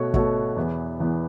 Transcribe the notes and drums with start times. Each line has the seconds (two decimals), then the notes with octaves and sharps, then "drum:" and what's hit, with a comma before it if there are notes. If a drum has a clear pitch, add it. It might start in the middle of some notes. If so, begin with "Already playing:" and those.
Already playing: B2 A3 F#4 A4 C#5
0.14 B2 A3 F#4 A4 C#5, drum: kick
0.56 E2 E3 B3
1.00 E2 E3 B3